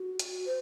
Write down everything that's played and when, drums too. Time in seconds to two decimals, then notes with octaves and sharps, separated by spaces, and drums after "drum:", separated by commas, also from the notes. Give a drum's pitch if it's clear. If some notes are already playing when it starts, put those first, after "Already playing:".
Already playing: F#4
0.19 drum: hi-hat
0.46 C5